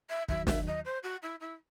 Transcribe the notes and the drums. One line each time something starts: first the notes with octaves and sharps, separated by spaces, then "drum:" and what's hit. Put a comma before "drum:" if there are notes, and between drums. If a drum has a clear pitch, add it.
E5
D#2 D#3 F#3 E5, drum: kick
E5, drum: snare
D#5
C5
F#4
E4
E4